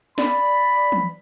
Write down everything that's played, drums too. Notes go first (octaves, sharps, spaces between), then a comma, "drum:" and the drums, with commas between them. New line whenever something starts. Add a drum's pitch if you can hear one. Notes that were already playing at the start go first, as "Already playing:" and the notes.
D5 B5, drum: snare
drum: tom E3